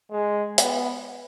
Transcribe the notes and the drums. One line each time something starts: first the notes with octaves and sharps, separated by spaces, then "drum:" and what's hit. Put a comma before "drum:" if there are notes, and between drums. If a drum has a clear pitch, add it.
G#3
B3, drum: hi-hat